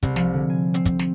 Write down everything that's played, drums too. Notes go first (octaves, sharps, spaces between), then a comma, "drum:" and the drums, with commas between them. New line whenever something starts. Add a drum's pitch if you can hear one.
C2, drum: kick, hi-hat
F3, drum: snare
D3
G#5
C4, drum: hi-hat
drum: kick, hi-hat
drum: snare